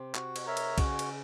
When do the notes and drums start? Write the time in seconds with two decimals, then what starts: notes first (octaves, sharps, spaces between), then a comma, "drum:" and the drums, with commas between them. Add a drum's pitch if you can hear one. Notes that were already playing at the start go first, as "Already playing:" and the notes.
Already playing: C3 C4
0.15 F#4, drum: clap
0.36 drum: cymbal
0.46 A#4 C#5 E5
0.57 drum: cymbal
0.78 C#3 C#4 F#4, drum: kick, cymbal
0.99 drum: cymbal